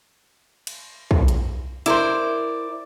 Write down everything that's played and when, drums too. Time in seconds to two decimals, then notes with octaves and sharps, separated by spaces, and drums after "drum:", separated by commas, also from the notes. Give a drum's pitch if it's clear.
0.67 drum: cymbal
1.11 drum: kick B1
1.28 drum: hi-hat
1.86 E4 A#4 C5 D5, drum: hi-hat